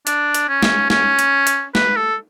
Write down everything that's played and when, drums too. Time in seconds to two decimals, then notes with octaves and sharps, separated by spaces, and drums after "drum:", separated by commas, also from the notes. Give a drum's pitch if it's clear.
0.07 D4, drum: hi-hat
0.34 drum: hi-hat
0.49 C#4
0.63 drum: snare
0.90 C#4, drum: snare
1.19 drum: hi-hat
1.47 drum: hi-hat
1.75 B4, drum: snare
1.96 A4